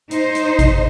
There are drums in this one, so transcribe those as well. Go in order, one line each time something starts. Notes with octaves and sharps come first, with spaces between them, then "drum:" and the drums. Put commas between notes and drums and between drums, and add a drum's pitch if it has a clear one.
D#4 C5, drum: hi-hat
drum: hi-hat
drum: kick G#1, hi-hat